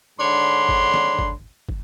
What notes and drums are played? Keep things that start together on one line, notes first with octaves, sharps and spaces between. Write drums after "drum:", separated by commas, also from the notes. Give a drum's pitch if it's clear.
G#2 D3 D4 C#5 B5 C6
drum: kick
drum: snare
drum: kick
drum: kick